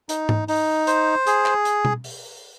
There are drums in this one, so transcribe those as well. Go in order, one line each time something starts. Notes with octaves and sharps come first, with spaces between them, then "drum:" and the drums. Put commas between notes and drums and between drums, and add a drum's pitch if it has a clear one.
D#4, drum: hi-hat
drum: tom G#2
D#4, drum: open hi-hat
C5, drum: hi-hat
G#4, drum: hi-hat
drum: clap
drum: hi-hat
drum: tom B2
drum: open hi-hat